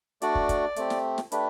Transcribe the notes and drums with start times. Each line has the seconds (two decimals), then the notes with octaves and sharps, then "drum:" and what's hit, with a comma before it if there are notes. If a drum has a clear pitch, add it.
0.22 A3 D4 F#4 D5, drum: hi-hat
0.35 drum: kick
0.49 drum: kick, hi-hat
0.76 A3 C4 G4, drum: hi-hat
0.90 drum: snare
1.18 drum: snare
1.32 A3 D4 G4 B4, drum: hi-hat